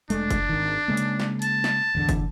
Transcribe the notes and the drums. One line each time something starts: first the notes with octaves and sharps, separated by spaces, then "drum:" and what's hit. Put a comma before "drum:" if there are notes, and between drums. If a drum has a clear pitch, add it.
F1 G#3 A3 D4, drum: hi-hat
drum: kick, hi-hat
G#1 D#3
C#3 G#3 A#3
drum: hi-hat
drum: snare
A5, drum: hi-hat
drum: snare
A1 E2 D3
drum: kick, hi-hat